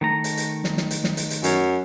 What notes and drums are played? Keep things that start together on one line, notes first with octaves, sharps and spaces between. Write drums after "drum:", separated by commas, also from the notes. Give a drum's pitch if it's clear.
D#3 A3 A#5
drum: hi-hat
drum: hi-hat
drum: snare
drum: snare
drum: hi-hat
drum: snare
drum: hi-hat
drum: hi-hat
F#2, drum: hi-hat